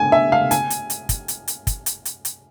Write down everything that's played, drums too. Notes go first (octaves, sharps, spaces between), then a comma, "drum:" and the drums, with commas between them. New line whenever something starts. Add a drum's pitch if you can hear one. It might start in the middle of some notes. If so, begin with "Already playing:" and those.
Already playing: G#5
E5
F5
G#5, drum: hi-hat
drum: hi-hat
drum: hi-hat
drum: kick, hi-hat
drum: hi-hat
drum: hi-hat
drum: kick, hi-hat
drum: hi-hat
drum: hi-hat
drum: hi-hat